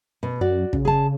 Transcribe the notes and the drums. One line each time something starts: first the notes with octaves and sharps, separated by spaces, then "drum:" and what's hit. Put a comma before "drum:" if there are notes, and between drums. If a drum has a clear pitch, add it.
B2
F#2 F#4 D5
C#3, drum: kick
G#4 A5